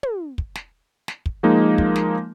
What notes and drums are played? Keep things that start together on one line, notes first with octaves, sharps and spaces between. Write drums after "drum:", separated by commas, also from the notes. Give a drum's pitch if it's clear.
drum: tom
drum: kick
drum: snare
drum: snare
drum: kick
F3 G#3 A#3 D#4
drum: kick
drum: snare